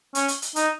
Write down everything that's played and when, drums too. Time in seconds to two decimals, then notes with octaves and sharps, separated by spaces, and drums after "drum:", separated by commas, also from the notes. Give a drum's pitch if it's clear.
0.15 C#4, drum: hi-hat
0.28 drum: hi-hat
0.42 drum: hi-hat
0.56 D#4, drum: hi-hat